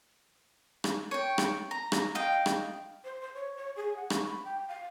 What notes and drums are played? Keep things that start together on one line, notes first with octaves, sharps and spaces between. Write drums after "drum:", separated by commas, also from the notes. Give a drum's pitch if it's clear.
drum: rim click
C#5 G5
drum: rim click
A#5
drum: rim click
D#5 F5 G5
drum: rim click
C5
C5
C#5
C#5
G#4
F#5
C#6, drum: rim click
B5
G5
F5